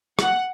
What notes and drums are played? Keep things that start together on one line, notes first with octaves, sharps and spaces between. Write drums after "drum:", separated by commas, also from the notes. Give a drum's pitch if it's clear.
F#5, drum: rim click